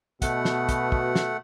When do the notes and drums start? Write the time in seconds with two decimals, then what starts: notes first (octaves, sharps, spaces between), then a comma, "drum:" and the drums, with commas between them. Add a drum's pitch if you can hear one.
0.22 B2 A3 F#5, drum: kick, hi-hat
0.45 drum: snare
0.69 drum: kick, hi-hat
0.92 drum: kick
1.15 drum: snare